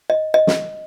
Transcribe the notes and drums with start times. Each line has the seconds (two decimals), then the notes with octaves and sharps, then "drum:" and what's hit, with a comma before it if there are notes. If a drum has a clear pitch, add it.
0.10 D#5
0.34 D#5
0.47 drum: snare